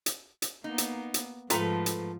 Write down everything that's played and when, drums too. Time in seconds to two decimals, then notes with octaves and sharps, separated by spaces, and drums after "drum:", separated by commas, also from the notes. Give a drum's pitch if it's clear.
0.06 drum: hi-hat
0.42 drum: hi-hat
0.64 A#3 B3 D#4
0.78 drum: hi-hat
1.14 drum: hi-hat
1.50 G#2 F3 A3 F4 A4 B4 A#5, drum: hi-hat
1.86 drum: hi-hat